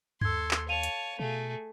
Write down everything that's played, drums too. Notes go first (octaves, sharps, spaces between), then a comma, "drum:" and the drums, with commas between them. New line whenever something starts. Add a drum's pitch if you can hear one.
D#2 A4 C6 E6 G#6, drum: tom G2
drum: clap
C#5 F5 A5 D#7 F7
drum: hi-hat
B2 A3 G#4